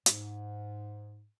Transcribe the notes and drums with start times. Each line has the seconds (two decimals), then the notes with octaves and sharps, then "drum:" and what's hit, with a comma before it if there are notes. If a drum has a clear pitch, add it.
0.06 G#2, drum: hi-hat